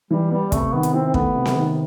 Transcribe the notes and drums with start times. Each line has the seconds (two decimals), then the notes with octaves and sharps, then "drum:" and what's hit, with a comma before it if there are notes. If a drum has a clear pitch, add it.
0.11 E3 G3
0.31 G3 B3
0.52 C3 A3, drum: kick, hi-hat
0.73 D#3 B3
0.83 drum: hi-hat
0.94 C4 E4
1.07 C4
1.14 A3 B3, drum: kick
1.35 C3
1.45 drum: snare C4
1.56 D#3